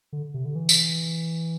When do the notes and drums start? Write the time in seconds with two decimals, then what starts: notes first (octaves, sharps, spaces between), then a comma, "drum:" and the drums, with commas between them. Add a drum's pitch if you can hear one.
0.13 D3
0.34 C3
0.45 D3
0.55 E3
0.69 drum: tambourine